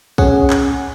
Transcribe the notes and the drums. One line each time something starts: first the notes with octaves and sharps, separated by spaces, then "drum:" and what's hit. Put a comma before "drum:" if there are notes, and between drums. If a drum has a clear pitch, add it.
C#4 G#4 F#5, drum: kick B1
drum: clap